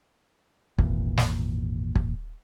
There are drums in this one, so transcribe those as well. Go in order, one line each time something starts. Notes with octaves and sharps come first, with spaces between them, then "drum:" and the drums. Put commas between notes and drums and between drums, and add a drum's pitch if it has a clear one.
G#1 E2 A#2, drum: kick
drum: snare
drum: kick